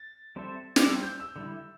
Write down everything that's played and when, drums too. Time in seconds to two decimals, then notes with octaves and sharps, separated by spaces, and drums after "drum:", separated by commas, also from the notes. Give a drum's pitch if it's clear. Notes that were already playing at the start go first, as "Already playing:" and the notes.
Already playing: A6
0.36 G3 C4 A4 C5 E5
0.76 D6, drum: snare
0.87 G3 D4 C5 E6
1.03 G6
1.20 E6
1.36 D3 G3 E4